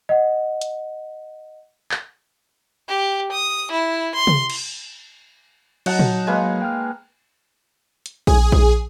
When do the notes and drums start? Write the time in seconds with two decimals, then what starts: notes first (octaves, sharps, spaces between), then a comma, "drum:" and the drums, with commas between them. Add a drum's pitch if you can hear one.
0.09 D#5 F#5
0.61 drum: hi-hat
1.91 drum: clap
2.88 G4
3.32 D#6
3.71 E4
4.15 C6
4.27 drum: tom C3
4.50 drum: cymbal
5.86 F#3 D#4 F#5 A5, drum: cymbal
5.99 drum: tom A#2
6.27 G#3 A#3 B4
6.62 G5 F6
8.06 drum: hi-hat
8.27 G#4, drum: kick A#1
8.52 drum: kick A#1